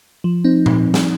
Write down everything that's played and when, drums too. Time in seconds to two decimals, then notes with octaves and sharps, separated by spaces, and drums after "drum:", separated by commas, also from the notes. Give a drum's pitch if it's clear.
0.24 F3
0.44 C4 D#4
0.66 drum: tom A#2
0.94 drum: snare